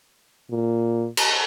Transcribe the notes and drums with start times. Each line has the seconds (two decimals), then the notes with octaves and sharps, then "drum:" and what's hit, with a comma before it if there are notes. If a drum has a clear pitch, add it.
0.51 A#2
1.17 drum: cymbal